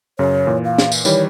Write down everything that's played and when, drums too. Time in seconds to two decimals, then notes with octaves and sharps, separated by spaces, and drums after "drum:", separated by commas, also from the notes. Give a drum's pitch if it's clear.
0.19 F#2 C#3 C#5
0.47 A#2 E3
0.64 F5
0.78 drum: snare
0.92 drum: tambourine
1.05 D#3 E3 G3 C#5, drum: tambourine